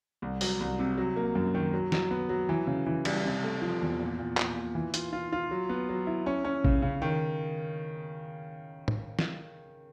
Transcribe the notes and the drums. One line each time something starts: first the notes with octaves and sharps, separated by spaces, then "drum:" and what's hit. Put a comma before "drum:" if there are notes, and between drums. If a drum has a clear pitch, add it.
C2
F#3, drum: open hi-hat
C2
C3
F#3
A#3
F#2
D#3
F#3
F#3, drum: snare
B3
F#3
E3
C#3
E3
G3, drum: cymbal
C3
A3
F3
E2
A#2
A#2
A#2, drum: clap
A#2
E3
F4, drum: hi-hat
F4
F4
F#3
B3
F#3
E4
C#4
C#4
C#3, drum: kick A1
C#3
D#3
drum: tom
drum: snare